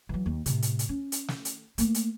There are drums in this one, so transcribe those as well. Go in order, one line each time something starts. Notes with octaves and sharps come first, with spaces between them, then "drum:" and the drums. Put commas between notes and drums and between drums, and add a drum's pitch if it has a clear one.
E3 F#3
D#2
A2 C3, drum: hi-hat
drum: hi-hat
drum: hi-hat
C#4
drum: hi-hat
drum: snare
drum: hi-hat
A3 A#3, drum: hi-hat
drum: hi-hat